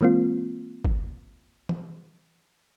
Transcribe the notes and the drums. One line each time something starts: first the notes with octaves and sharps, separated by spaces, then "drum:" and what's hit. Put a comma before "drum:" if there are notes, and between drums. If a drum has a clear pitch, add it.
E3 G#3 A#3 C4 F4
drum: kick
drum: tom